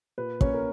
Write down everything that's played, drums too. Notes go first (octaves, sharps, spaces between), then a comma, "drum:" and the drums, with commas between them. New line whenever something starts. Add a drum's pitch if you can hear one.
A#2 B4
A#3 C#4 C#5, drum: kick
A#4